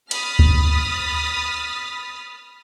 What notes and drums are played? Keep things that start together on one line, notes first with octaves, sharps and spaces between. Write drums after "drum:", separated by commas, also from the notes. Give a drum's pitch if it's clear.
B5 D#6 F6 A6 B6, drum: hi-hat
drum: kick D2